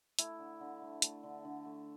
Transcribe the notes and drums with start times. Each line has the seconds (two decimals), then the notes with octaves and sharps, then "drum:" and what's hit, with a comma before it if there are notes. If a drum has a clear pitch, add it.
0.19 A3 E4, drum: hi-hat
0.39 D3
0.60 D3
0.82 A3
1.02 A3, drum: hi-hat
1.23 D3
1.45 D3
1.65 A3